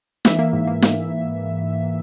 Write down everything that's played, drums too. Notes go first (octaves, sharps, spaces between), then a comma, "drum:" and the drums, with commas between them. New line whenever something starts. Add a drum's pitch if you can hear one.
E3 E5, drum: snare
A#3
G#2
A#3
A#3, drum: snare